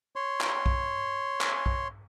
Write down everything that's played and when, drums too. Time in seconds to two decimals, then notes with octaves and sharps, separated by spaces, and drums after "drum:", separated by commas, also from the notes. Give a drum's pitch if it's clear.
0.16 C#5 C6
0.41 drum: clap
0.66 drum: kick B1
1.41 drum: clap
1.66 drum: kick B1